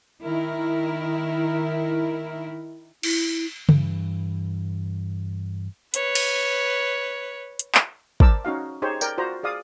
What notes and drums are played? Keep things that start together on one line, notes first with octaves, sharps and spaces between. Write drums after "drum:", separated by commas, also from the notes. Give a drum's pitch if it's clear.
D#3 E4 A#4
E4, drum: cymbal
G2 E3, drum: tom C#3
B4 C#5, drum: hi-hat
drum: cymbal
drum: hi-hat
drum: clap
A#4 C5 D5 A5 D6 E6, drum: kick
C#4 D#4 F#4 F5
D#4 G4 G#4 C5 C#5
A#4 D5 G5, drum: tambourine
F4 F#4 C5 D5 A#5
G#4 D5 F5 D#6